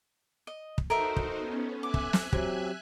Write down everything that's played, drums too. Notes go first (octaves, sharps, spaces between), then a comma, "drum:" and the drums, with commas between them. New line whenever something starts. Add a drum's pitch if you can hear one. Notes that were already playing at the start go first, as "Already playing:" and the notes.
D#5
drum: kick
D#4 F#4 A4 A#4 C5 D#5 E5
drum: kick
B3 C#4
E5 G#5 D6 F#6
drum: kick
drum: snare
F#3 C4 G4, drum: kick